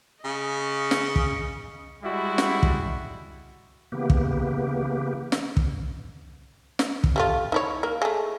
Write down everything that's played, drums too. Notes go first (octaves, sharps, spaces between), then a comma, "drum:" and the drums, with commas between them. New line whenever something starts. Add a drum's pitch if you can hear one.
C#3 D#5 C#6
drum: snare
drum: kick
G3 G#3 E4 F#4
drum: snare
drum: kick
C#3 E3 A#3 B3 G4
drum: kick
drum: snare
drum: kick
drum: snare
drum: kick
G3 A3 F4
D#4 E4 C#5
A#3 A#4
G#3 A3